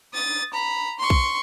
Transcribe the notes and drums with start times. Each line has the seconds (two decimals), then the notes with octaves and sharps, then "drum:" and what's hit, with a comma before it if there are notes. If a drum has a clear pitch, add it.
0.14 D#6 A6
0.53 A#5 B5
0.99 C6 C#6
1.10 drum: kick B1